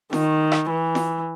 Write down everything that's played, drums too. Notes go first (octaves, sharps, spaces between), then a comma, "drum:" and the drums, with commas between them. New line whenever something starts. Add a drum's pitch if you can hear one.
D#3, drum: snare
drum: rim click
E3
drum: snare